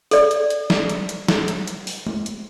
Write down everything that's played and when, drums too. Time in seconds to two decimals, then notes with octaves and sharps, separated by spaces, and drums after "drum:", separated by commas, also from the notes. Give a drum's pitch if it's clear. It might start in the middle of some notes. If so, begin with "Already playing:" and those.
0.11 A4 D5, drum: open hi-hat
0.31 drum: hi-hat
0.50 drum: hi-hat
0.70 drum: snare
0.89 drum: hi-hat
1.09 drum: hi-hat
1.28 drum: snare
1.48 drum: hi-hat
1.68 drum: hi-hat
1.87 drum: open hi-hat
2.07 drum: tom G#3
2.26 drum: hi-hat